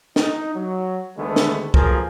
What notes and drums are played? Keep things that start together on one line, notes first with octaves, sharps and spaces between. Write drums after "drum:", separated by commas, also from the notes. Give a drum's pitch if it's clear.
D#4, drum: snare
F#3
D2 D3 D#3 G#3 A3 B3
drum: snare
A1 F3 F#3 A#3 G#4 A#4, drum: kick